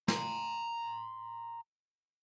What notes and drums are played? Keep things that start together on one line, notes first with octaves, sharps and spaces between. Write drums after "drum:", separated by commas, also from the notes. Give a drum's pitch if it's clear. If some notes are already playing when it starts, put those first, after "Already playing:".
A#5 C6, drum: snare